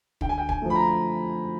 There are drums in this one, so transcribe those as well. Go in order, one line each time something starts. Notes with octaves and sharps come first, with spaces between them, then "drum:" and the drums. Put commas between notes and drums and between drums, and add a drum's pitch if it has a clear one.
D3 G5, drum: kick
G#5
G5
G#5, drum: kick
F3 A3
B5
A#5